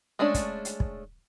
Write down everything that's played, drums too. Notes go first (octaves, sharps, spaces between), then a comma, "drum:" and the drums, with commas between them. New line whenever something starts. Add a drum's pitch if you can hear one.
G#3 A3 C#4 D4
drum: kick, hi-hat
drum: hi-hat
drum: kick